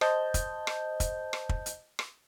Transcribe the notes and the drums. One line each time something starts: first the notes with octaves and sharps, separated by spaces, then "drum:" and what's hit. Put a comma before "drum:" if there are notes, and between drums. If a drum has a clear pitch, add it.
C5 D#5 A5 G6, drum: rim click
drum: kick, hi-hat
drum: rim click
drum: kick, hi-hat
drum: rim click
drum: kick
drum: hi-hat
drum: rim click